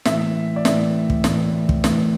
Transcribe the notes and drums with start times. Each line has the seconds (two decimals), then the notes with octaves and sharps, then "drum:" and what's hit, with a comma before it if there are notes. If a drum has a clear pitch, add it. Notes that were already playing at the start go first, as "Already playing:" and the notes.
0.05 A2 E3 E5, drum: snare
0.56 D5
0.65 A2 E3 E5, drum: snare
1.10 drum: kick
1.24 A2 E3, drum: snare
1.69 drum: kick
1.84 A2 E3, drum: snare